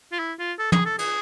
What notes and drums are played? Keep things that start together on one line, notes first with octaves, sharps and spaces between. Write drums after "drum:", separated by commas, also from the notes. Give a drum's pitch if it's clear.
F4
E4
F4
A4
G#4, drum: tom
A4
G#4, drum: cymbal